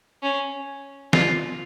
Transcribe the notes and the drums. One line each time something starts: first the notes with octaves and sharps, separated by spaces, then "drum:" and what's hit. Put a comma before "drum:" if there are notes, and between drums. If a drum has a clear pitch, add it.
C#4
F4, drum: snare